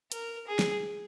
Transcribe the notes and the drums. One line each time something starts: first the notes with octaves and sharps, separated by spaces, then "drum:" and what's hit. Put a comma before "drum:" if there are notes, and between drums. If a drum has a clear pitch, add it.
A#4, drum: hi-hat
G#4
drum: snare